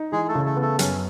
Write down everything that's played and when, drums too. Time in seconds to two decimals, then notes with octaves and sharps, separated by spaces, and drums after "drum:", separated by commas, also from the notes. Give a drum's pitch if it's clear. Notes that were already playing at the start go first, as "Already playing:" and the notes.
Already playing: D#4
0.12 E3 G#3 G#4
0.29 A3 A4
0.35 C#3
0.45 A3 A4
0.56 B3
0.61 A3 A4
0.79 F#2 C#4, drum: hi-hat